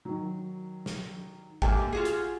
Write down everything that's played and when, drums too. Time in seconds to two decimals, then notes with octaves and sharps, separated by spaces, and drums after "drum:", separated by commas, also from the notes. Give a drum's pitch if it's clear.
0.05 D#3 F#3
0.86 drum: snare
1.62 G#2 D3 A#3 G4 E5 G#5, drum: kick G#1
1.92 F4 F#4 G#4
2.05 drum: hi-hat